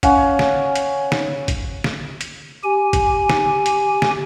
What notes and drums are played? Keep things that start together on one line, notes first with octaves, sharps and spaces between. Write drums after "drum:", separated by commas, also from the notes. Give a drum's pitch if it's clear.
C#4 F5 F#5, drum: kick G#1, hi-hat
drum: snare
drum: hi-hat
drum: snare
drum: kick G#1, hi-hat
drum: snare
drum: hi-hat
G4 G#5
drum: kick G#1, hi-hat
drum: snare
drum: hi-hat
drum: snare